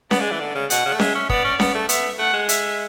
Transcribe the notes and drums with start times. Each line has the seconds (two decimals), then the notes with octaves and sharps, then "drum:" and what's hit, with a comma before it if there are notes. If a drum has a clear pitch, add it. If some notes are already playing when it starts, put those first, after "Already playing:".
0.11 B3 D5, drum: snare C#4
0.20 G#3
0.31 E3
0.40 D3
0.55 C#3
0.70 B2 F#5, drum: hi-hat
0.85 C#3
0.93 A3
1.00 G#3 E5, drum: snare C#4
1.15 C#4
1.29 B3 D5, drum: kick
1.44 C#4
1.60 B3, drum: snare C#4
1.75 A3
1.89 B3 E5, drum: hi-hat
2.19 A3 F#5
2.33 G#3
2.49 E5, drum: hi-hat